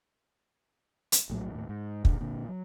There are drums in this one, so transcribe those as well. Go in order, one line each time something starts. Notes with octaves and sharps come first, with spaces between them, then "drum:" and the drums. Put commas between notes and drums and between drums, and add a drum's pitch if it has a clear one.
drum: hi-hat
A#1 A2 C3 F#3
D#2 A2
G#2
A#1 D3, drum: kick
A#2 D3
F#3